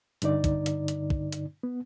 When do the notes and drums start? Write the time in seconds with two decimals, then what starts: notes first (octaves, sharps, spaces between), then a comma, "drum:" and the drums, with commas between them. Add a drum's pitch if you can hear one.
0.22 G2 D3 D#4 D5, drum: hi-hat
0.44 drum: kick, hi-hat
0.66 drum: hi-hat
0.88 drum: hi-hat
1.10 drum: kick
1.32 drum: hi-hat
1.63 B3